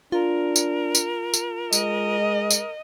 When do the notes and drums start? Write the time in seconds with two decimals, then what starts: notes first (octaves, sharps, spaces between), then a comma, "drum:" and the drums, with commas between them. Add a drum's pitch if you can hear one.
0.12 D4 F4 A#4
0.56 drum: tambourine
0.95 drum: tambourine
1.34 drum: tambourine
1.73 G#3 D#5, drum: tambourine
2.51 drum: tambourine